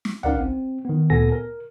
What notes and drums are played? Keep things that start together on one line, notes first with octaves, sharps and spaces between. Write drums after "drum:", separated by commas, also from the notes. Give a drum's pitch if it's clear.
drum: snare
C#4 D#4 A#4 D5 F5 F#5, drum: tom
C4
D#3 B3
D2 A#2 B3 A4 G#5 A#6
A#4